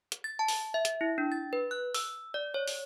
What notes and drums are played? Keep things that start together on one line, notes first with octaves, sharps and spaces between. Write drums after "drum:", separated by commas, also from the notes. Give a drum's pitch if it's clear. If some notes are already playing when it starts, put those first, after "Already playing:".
drum: hi-hat
A6
A5
drum: open hi-hat
E5
drum: hi-hat
E4
D4
A6
B4
F#6
E6, drum: open hi-hat
D5
C#5
drum: open hi-hat